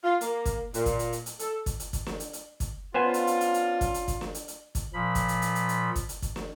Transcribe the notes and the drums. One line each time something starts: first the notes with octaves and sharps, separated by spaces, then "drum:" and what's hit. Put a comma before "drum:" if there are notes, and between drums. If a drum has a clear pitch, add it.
F4
A#3, drum: hi-hat
drum: kick, hi-hat
A#2, drum: hi-hat
drum: kick, hi-hat
drum: hi-hat
drum: hi-hat
drum: hi-hat
A4, drum: hi-hat
drum: kick, hi-hat
drum: hi-hat
drum: kick, hi-hat
drum: snare
drum: hi-hat
drum: hi-hat
drum: kick, hi-hat
B3 C#4 D4 F4 C5 G#5
drum: hi-hat
drum: hi-hat
drum: hi-hat
drum: hi-hat
drum: kick, hi-hat
drum: hi-hat
drum: kick, hi-hat
drum: snare
drum: hi-hat
drum: hi-hat
drum: kick, hi-hat
A#2 F3 B5
drum: kick, hi-hat
drum: hi-hat
drum: hi-hat
drum: hi-hat
drum: hi-hat
drum: kick, hi-hat
drum: hi-hat
drum: kick, hi-hat
drum: snare